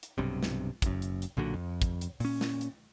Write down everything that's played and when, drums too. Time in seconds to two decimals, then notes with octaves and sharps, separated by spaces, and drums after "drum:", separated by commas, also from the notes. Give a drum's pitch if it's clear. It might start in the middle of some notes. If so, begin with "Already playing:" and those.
0.03 drum: hi-hat
0.18 B1 G2 C3
0.43 drum: snare
0.82 F#1 F#2, drum: kick, hi-hat
1.02 drum: hi-hat
1.22 drum: hi-hat
1.37 B1 A#2 D3 F#3
1.54 F2
1.82 drum: kick, hi-hat
2.01 drum: hi-hat
2.20 A#2 C#4, drum: open hi-hat
2.41 drum: snare
2.61 drum: hi-hat